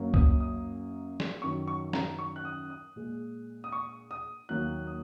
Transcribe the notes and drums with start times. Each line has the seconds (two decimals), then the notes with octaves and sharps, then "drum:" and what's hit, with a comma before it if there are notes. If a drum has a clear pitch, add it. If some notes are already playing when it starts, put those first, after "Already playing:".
Already playing: F#2 F#3 A#3
0.14 D#6, drum: kick C#2
0.40 D#6
1.20 drum: snare
1.42 F#2 D#3 F#3 C#6
1.68 C#6
1.93 A#5, drum: snare
2.19 C#6
2.36 F#6
2.45 D#6
2.70 D#6
2.96 A#2 G#3
3.64 D#6
3.72 C#6
4.11 D#6
4.49 D#2 D#3 F#3 A#3 F#6
4.87 D#6